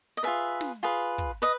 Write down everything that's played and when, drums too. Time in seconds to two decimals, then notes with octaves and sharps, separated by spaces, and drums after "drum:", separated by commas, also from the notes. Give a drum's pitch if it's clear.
0.17 D#5
0.23 F4 G#4 B4 E5
0.61 drum: snare
0.83 F4 G#4 B4
1.18 drum: kick
1.42 B4 D#5